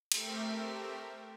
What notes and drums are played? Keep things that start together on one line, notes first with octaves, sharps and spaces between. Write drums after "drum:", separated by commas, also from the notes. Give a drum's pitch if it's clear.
A3 C4 G4 A#4 E5, drum: cymbal